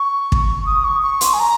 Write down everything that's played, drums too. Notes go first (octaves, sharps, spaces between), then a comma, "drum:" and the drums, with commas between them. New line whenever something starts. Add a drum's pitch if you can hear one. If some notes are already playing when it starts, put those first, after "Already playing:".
Already playing: C#6
drum: kick
D#6
C#6
C#6
C6, drum: hi-hat
G#5
A#5